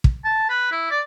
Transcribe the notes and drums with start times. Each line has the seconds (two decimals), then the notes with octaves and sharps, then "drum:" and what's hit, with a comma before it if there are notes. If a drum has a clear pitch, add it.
0.04 drum: kick
0.25 A5
0.50 B4
0.72 E4
0.91 D5